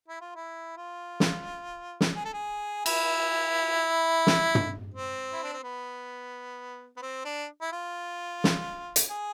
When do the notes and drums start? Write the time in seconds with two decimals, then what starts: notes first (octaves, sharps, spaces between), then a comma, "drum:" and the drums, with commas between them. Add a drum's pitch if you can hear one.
0.09 E4
0.21 F4
0.36 E4
0.77 F4
1.20 drum: snare
2.01 drum: snare
2.16 G#4
2.25 A4
2.33 G#4
2.86 E4, drum: cymbal
4.27 drum: snare
4.55 drum: tom
4.94 C4
5.33 E4
5.43 D4
5.53 C4
5.63 B3
6.96 B3
7.02 C4
7.25 D4
7.61 E4
7.72 F4
8.44 drum: snare
8.96 drum: hi-hat
9.10 G#4